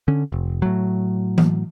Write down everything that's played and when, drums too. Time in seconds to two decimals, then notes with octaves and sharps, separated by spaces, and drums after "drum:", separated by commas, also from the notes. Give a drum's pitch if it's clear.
0.08 D3 C#4
0.32 F1
0.62 A2 F#3
1.38 drum: tom E3